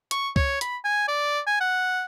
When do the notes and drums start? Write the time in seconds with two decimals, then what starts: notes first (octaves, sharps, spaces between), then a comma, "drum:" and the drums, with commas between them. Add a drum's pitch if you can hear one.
0.11 C#6, drum: hi-hat
0.36 C#5, drum: kick
0.61 B5, drum: hi-hat
0.84 G#5
1.08 D5
1.47 G#5
1.60 F#5